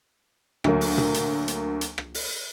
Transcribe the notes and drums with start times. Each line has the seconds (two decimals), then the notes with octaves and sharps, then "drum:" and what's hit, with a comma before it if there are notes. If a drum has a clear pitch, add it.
0.64 D2 F#3 A#3, drum: rim click
0.81 drum: open hi-hat
0.98 drum: tom A#2
1.14 drum: hi-hat
1.48 drum: hi-hat
1.81 drum: hi-hat
1.98 drum: rim click
2.14 drum: open hi-hat